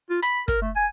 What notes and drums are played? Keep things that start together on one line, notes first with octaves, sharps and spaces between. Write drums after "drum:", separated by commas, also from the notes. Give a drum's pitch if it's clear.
F4
B5, drum: hi-hat
A#4, drum: kick, hi-hat
A3
G#5